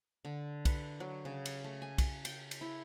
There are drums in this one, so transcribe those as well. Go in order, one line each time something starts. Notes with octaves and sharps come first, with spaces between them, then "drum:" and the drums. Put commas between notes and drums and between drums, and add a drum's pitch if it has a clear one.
D3
B4, drum: kick, cymbal
F#3
C#3
drum: cymbal
A3
G#5
drum: kick, cymbal
G5, drum: cymbal
drum: cymbal
E4